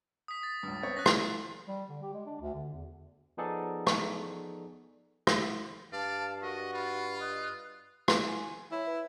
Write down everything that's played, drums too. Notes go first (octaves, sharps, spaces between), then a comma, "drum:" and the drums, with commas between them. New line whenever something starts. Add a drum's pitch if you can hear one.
D#6 B6
A6
C#2 G2
B3 C4 C#5
C#4 F#6 A6 A#6
drum: rim click
G3
D3
G4
G#3
D4
D2
D3
E2
F3 B3 D#4 G#4 A4 D5
drum: rim click
drum: rim click
G2 D5 F5 A5
F#4 A#4 D#5
F4 B5
D#5 F#6
drum: rim click
G#5
E4 C#5
B4